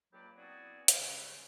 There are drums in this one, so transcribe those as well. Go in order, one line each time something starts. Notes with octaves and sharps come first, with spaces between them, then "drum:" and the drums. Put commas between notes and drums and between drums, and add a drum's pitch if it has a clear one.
C#2 F#3 A#3 G4 D5 B5
B3 C4 E4 F#4 G#4 D5
drum: hi-hat
G2 C#3 G#3 A3 B3 C#4